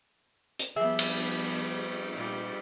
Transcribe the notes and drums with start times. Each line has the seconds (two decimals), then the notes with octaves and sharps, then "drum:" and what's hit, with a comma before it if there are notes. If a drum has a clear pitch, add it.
0.59 drum: hi-hat
0.76 F3 G3 B3 G#4 E5
0.99 drum: cymbal
2.17 A#2 G3